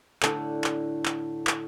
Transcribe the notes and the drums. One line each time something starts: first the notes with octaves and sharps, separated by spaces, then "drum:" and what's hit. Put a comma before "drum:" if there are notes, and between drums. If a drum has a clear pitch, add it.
A2 D3, drum: clap
drum: clap
drum: clap
drum: clap